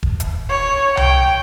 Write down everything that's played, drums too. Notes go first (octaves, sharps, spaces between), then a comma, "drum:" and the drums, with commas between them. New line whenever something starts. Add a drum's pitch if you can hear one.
drum: kick E1
drum: hi-hat
C#5
G5, drum: tom C2